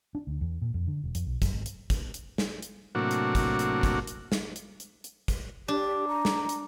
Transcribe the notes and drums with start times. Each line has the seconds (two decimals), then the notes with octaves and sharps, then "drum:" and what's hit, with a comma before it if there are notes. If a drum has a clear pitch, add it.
0.15 D4
0.27 D2
0.41 E2
0.62 A#2
0.74 F2
0.87 D3
1.03 E1
1.15 F2, drum: hi-hat
1.26 B1
1.42 F#2, drum: kick, hi-hat
1.53 G#1
1.66 drum: hi-hat
1.90 drum: kick, hi-hat
2.14 drum: hi-hat
2.38 drum: snare
2.62 drum: hi-hat
2.95 A2 C3 F#3 A#3 D4 F#4
3.11 drum: hi-hat
3.35 drum: kick, hi-hat
3.59 drum: hi-hat
3.83 drum: kick, hi-hat
4.07 drum: hi-hat
4.32 drum: snare
4.56 drum: hi-hat
4.80 drum: hi-hat
5.04 drum: hi-hat
5.28 drum: kick, hi-hat
5.68 D4 G4
6.08 A#5
6.25 drum: snare
6.49 drum: hi-hat